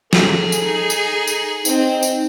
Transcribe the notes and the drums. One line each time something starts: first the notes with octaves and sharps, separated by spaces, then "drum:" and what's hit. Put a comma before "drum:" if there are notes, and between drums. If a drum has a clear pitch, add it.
G#4 A4, drum: snare
drum: tambourine
D#4
drum: tambourine
drum: tambourine
C4 D#4, drum: tambourine
drum: tambourine